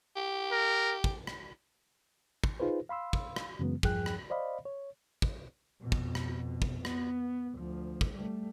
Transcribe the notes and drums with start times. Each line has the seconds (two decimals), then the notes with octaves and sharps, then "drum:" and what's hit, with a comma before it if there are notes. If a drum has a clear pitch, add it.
0.16 G4
0.52 A#4
1.04 drum: kick
1.27 drum: rim click
2.44 drum: kick
2.60 D#4 F4 G#4 B4 C5
2.89 F5 B5 C6 E6
3.13 drum: kick
3.36 drum: rim click
3.59 F#2 C#3 E3 F#3 G#3 B3
3.83 E2 G2 F3 G#4 G5 F#6, drum: kick
4.06 drum: rim click
4.30 C5 D5 D#5 F5 B5
4.65 C#5
5.22 drum: kick
5.81 F2 B2
5.92 drum: kick
6.15 drum: rim click
6.62 drum: kick
6.85 B3, drum: rim click
7.55 D2 F3
8.01 drum: kick
8.12 G3 A3